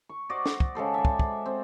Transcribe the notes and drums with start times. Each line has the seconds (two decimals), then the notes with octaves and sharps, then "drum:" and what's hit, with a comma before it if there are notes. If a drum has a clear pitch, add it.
0.09 C#6
0.29 F#4 C5 D5 D#5
0.46 drum: snare
0.60 drum: kick
0.75 C#3 G#3 A4 C5
0.94 D5 E5
1.05 drum: kick
1.19 drum: kick
1.46 C4